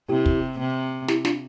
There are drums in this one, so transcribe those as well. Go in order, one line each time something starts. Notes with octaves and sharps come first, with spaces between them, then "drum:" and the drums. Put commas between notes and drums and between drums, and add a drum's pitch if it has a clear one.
C3 E4 G4
drum: kick
C3
E4 G4, drum: snare
D4 F4, drum: snare